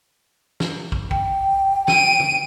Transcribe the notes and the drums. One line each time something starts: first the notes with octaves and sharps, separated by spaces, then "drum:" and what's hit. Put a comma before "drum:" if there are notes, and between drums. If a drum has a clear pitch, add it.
drum: snare
drum: kick
G5, drum: kick
D7 D#7, drum: snare
drum: tom